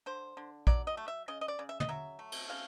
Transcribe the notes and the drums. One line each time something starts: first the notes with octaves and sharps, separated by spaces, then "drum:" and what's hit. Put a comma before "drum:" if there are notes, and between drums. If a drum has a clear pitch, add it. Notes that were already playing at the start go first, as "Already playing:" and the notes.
D3 C5
D3
F#3 D5, drum: kick
D#5
A3
E5
C#3 D#5
D#5
D5
C#3
E5
D#5, drum: tom
F#3 E5
A3
drum: cymbal
C#3 F5